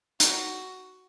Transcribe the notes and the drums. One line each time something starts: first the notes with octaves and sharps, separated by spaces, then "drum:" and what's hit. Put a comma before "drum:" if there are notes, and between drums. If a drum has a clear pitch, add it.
D#4 F#4, drum: hi-hat